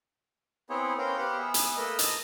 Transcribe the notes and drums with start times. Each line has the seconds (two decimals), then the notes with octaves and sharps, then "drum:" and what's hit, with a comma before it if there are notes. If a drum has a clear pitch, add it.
0.70 B3 C4 E4 G#4 C5 C#5
0.98 B3 C#4 A#4 C5 F5 G5
1.18 B3 G4 C5 F5 F#5
1.38 B3 G#4 E5
1.54 drum: hi-hat
1.77 A3 A#3 A#4 B4 D#5 E6
1.99 D#5 A5 A#5 E6, drum: hi-hat